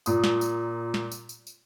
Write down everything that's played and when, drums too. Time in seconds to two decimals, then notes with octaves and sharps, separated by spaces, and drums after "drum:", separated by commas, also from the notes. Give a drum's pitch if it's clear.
0.06 A#2 D#6, drum: tambourine
0.24 drum: snare
0.41 drum: tambourine
0.94 drum: snare
1.12 drum: tambourine
1.29 drum: tambourine
1.47 drum: tambourine